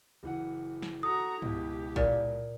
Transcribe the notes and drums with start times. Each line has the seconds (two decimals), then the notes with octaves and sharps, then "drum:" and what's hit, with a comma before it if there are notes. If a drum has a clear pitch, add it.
0.23 F#1 E3 F#5
0.82 drum: snare
1.03 F#4 A4 A#5 D#6
1.42 C#2 B2 E4 G4, drum: tom
1.96 A#2, drum: kick